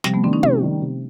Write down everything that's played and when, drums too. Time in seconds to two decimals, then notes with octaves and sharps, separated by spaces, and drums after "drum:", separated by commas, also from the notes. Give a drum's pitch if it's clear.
0.04 C3 F3 G3, drum: snare
0.14 A3 B3
0.24 D#3 G3 C4 D4
0.33 C#4 D#4
0.43 C3, drum: tom
0.62 D#3 G3
0.81 C3